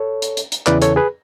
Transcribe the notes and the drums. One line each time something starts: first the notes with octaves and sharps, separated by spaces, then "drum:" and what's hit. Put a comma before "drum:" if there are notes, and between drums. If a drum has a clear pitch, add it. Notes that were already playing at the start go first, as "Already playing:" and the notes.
Already playing: A4 C#5
drum: hi-hat
drum: hi-hat
drum: hi-hat
E2 C#3 E3 B4 D5, drum: clap
A4 C#5, drum: hi-hat
G#4 B4